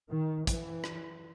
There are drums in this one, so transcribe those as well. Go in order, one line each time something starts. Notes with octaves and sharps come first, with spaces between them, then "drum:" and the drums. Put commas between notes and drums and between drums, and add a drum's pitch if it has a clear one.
D#3
E3, drum: kick, hi-hat
drum: rim click